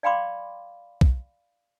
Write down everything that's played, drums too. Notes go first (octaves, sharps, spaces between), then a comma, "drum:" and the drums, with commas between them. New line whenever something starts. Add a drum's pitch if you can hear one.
D5 F5 G5 B5 C6 D6
drum: kick